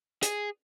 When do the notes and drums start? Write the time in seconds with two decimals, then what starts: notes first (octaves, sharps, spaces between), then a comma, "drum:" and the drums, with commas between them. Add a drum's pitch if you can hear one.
0.23 G#4, drum: hi-hat